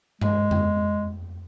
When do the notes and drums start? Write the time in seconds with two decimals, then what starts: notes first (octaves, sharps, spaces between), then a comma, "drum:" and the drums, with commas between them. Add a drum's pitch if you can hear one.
0.21 G#3, drum: tom G2
0.51 drum: tom F2